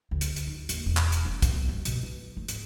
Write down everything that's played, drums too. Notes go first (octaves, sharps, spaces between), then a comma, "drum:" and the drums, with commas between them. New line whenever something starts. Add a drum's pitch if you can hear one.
D2
drum: hi-hat
drum: hi-hat
D#4
D#2, drum: hi-hat
E1
drum: clap
drum: hi-hat
D4
drum: kick C2, hi-hat
B3
G2
B2, drum: hi-hat
E3
A3
G#2, drum: hi-hat